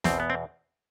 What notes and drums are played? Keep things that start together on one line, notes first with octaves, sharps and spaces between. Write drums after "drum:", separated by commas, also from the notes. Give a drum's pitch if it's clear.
E2 B2 C4, drum: snare
B3
C4